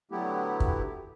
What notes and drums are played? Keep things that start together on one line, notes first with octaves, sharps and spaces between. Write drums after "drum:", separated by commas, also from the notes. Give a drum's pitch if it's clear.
D3 F#3 A3 B3 E4 G4
drum: kick